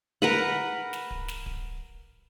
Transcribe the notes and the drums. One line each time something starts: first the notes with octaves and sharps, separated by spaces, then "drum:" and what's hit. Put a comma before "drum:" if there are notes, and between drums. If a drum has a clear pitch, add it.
A#4 B4 F#5
drum: snare
drum: kick D1
drum: snare
drum: kick D1